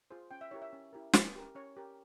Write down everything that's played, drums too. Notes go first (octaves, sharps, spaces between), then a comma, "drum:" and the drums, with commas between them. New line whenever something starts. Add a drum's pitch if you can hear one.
F4 G#4 C5
C#4 G5
E5
E4 G4 A#4 C#5
E5
C#4
E4 G4 A#4
C#4, drum: snare
G4 A#4
C#4 C#5
G4 A#4